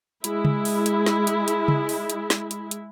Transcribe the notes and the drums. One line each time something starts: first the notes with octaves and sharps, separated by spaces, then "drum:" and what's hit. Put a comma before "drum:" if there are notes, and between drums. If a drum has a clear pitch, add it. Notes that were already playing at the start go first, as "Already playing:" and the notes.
G#3 E4, drum: hi-hat
drum: tom C#3
drum: open hi-hat
drum: hi-hat
drum: snare
drum: hi-hat
drum: hi-hat
drum: tom C#3
drum: open hi-hat
drum: hi-hat
drum: snare
drum: hi-hat
drum: hi-hat